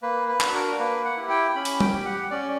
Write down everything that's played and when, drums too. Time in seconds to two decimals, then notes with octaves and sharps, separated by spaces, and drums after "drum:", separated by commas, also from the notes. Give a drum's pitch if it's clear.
0.02 A#3 B4
0.29 B4
0.41 D4 F#4, drum: clap
0.54 A#4
0.79 A#3 B4
1.05 F#5
1.17 E4 G4
1.30 G5
1.56 C#4 B5
1.65 drum: open hi-hat
1.80 G5, drum: tom
1.94 G4
2.05 F#5
2.31 C#4 D5